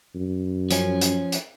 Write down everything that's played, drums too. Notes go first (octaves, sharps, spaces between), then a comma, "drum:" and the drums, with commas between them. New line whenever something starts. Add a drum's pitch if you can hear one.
F#2
F3 C#4, drum: hi-hat
drum: hi-hat
drum: hi-hat